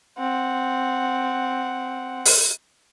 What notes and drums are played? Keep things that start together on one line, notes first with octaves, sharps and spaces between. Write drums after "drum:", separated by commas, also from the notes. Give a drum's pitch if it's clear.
C4 F#5
drum: open hi-hat